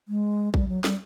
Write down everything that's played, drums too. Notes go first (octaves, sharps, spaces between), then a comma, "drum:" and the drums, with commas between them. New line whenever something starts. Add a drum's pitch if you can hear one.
G#3
G3, drum: kick A#1
F#3
G3, drum: snare